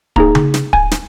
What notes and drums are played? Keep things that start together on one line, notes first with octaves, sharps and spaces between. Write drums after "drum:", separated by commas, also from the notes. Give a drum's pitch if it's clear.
A#3 D#4 G#4 A#5, drum: kick
drum: tom C#3
drum: snare
G#5, drum: kick
drum: snare